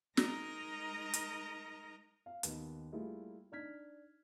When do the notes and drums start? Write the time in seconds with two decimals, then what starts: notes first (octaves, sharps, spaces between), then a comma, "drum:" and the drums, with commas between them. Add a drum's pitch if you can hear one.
0.17 G#3 D#4 A#4 D#5 A#5 A#6, drum: snare
1.14 drum: hi-hat
2.26 F5
2.43 D#2 D#3 B3, drum: hi-hat
2.92 G3 A3 A#3 E4 F4 G#4
3.52 D4 D#4 F6 G#6 B6